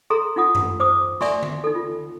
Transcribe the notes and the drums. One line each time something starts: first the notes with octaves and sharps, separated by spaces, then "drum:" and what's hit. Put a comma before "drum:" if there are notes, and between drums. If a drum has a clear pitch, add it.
G#4 A4 A#5 C6
D#4 F4 F#5 D#6
drum: tom F#2
C5 D6 D#6
D5 E5 G#5 C6 C#6, drum: snare
drum: tom D3
D#4 A4
F4